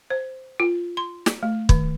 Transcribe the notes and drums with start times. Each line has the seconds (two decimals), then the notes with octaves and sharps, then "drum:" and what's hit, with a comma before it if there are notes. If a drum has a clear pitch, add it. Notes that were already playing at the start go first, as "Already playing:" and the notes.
0.10 C5
0.60 F4
0.97 C6
1.26 drum: snare
1.43 A3
1.69 D#3, drum: kick